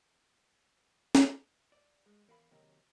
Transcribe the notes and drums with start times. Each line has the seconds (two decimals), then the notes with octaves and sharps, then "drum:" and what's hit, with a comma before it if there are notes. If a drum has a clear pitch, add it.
1.15 drum: snare
1.72 D5
2.06 G#3
2.27 E2 A#4 F5 B5
2.51 D#2 C3 D#3 F#3 A#4